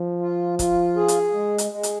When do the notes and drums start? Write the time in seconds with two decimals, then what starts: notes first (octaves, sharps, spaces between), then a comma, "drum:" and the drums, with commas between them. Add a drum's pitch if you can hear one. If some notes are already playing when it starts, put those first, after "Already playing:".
Already playing: F3
0.21 F4
0.59 F4, drum: kick, hi-hat
0.96 G#4
1.08 drum: hi-hat
1.33 G#3
1.58 drum: hi-hat
1.71 G#3
1.83 drum: hi-hat